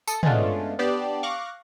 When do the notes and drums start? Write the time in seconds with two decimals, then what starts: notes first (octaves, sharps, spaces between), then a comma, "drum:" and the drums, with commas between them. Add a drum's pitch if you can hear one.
0.08 A4 D#6 C#7, drum: tambourine
0.23 G#3 A3 B3 C#4 D4 F4, drum: tom
0.79 B3 D4 G4 D5 C7 E7
1.23 F5 C#6 D6 F#6 A#6